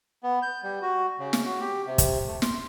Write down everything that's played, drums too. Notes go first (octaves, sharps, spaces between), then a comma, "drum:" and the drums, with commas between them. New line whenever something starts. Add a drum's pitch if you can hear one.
B3
G6
G3
F#4
C#3
drum: snare
F#4
G4
C3
drum: kick, hi-hat
A3
C6, drum: snare